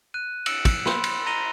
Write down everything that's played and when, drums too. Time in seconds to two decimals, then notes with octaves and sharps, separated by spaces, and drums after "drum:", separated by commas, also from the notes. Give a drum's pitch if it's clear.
0.14 F#6 D#7
0.46 E6 C#7 D7 E7 F#7, drum: cymbal
0.65 drum: kick, cymbal
0.86 B5 C6, drum: snare
1.04 drum: cymbal
1.26 A#5 A#6 D#7 F7 G7